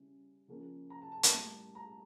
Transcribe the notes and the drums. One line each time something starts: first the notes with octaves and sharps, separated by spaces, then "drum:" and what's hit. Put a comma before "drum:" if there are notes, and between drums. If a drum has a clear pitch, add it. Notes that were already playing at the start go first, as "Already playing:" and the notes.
Already playing: C#3 G3 C#4 E4
C#3 F3 A#3 C#4
A#5
A5
A5
A5, drum: hi-hat
A2 G3 A#3
A#5